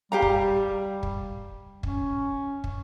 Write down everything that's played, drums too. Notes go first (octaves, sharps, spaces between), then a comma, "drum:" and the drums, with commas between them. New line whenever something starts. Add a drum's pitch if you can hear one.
G3 G4 F5 A#5
drum: kick
drum: kick
C#4, drum: kick
drum: kick